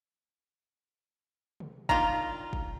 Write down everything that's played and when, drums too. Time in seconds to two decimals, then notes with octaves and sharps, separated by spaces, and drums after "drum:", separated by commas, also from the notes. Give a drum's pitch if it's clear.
1.60 drum: tom C3
1.89 D#3 D4 F4 A#5, drum: kick
2.53 drum: kick